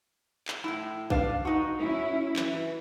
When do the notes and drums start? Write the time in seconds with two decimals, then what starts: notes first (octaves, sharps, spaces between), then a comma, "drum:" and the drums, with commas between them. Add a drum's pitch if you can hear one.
0.48 drum: clap
0.64 A2 E4
1.10 D4 B4 F5, drum: kick A#1
1.45 D#4 F#4
1.79 C#4 E4
2.36 E3, drum: clap